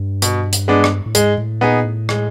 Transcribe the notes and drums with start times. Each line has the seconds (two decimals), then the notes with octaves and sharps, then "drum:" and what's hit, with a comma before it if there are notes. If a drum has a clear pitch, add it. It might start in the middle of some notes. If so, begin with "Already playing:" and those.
Already playing: G2
0.22 B2, drum: hi-hat
0.53 drum: hi-hat
0.68 G#3 B3 D4
0.84 drum: rim click
1.06 A2
1.15 G#2 G#3, drum: hi-hat
1.38 A2
1.61 A#2 B3 D#4 G#4
1.85 A2
2.09 G#3, drum: rim click